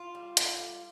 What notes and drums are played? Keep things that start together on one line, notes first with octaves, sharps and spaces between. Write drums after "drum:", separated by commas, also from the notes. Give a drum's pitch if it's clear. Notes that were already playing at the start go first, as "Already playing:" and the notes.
Already playing: F4
G3
A2, drum: hi-hat
G3